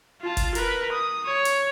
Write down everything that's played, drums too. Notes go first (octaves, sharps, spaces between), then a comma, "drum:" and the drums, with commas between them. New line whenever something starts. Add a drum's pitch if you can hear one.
F4 A5
drum: kick F1, hi-hat
A#4 B4, drum: hi-hat
D#6
C#5
drum: hi-hat